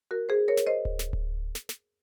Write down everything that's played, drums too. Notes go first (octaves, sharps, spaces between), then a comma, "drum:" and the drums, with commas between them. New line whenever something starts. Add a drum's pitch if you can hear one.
F#4 A#4
G#4 C5
A#4 C#5
drum: snare
C5 D#5
drum: kick D1
drum: snare
drum: kick D1
drum: snare
drum: snare